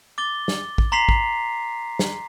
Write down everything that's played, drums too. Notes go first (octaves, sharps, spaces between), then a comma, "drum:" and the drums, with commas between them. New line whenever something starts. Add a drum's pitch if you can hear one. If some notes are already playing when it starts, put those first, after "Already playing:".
D6 A6 G7
drum: snare
drum: kick A1
A#5 C6 B6 C7 F7
drum: kick A1
drum: snare